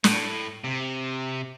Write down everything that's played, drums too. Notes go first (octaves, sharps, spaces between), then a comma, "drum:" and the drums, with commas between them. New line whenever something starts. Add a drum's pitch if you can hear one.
A2, drum: snare
C3